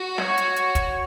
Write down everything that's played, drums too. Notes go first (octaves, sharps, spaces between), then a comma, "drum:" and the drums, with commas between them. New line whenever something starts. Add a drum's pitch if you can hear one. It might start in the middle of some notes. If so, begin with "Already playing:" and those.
Already playing: F#4
C#5, drum: snare
drum: hi-hat
drum: hi-hat
drum: kick, hi-hat